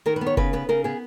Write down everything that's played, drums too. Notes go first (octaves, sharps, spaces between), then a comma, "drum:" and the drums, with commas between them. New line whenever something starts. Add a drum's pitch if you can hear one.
D#3 A#4
B4
B3
C#5
C#3 B4, drum: kick
B3 B4
C#3 A#4
B3 G#4